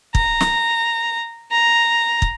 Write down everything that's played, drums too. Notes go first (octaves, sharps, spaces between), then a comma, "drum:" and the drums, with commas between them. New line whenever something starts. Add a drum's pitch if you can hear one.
A#5, drum: kick
drum: snare
A#5
drum: kick